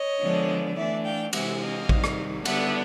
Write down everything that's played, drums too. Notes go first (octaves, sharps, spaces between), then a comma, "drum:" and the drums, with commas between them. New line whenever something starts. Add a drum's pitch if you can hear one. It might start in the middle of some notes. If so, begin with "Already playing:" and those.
Already playing: C#5 D#5
D3 F3 G#3 B3 D4
E3 A3 D4 D5 E5
F5 G5
C3 E3 G#3 C4 E5 F#5, drum: cymbal
D#5 F5
C3 D#3 G3, drum: kick A1
drum: rim click
D3 G3 B3 D4 E5 F#5, drum: cymbal